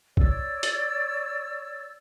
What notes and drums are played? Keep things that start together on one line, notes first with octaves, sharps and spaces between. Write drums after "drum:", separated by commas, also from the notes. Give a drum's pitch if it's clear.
C#5 D5 E6, drum: kick B1
drum: hi-hat